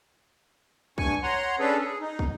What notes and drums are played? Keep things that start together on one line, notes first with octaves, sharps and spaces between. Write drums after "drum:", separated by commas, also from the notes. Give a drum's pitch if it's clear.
G2 G#5 C#6, drum: kick
C#5 F#5 A#5 C6
C#4 D4 G#4 A4 B4
G#4
D#4
drum: kick